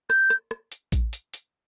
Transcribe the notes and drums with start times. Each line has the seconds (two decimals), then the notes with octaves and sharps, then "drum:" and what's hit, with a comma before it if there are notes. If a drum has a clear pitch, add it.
0.10 G6, drum: rim click
0.30 drum: rim click
0.51 drum: rim click
0.72 drum: hi-hat
0.92 drum: kick A1, hi-hat
1.13 drum: hi-hat
1.34 drum: hi-hat